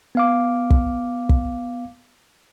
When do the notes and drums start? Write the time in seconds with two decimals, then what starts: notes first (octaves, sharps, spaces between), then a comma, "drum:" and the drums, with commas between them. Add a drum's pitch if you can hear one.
0.15 B3 F5 D6
0.70 drum: kick
1.29 drum: kick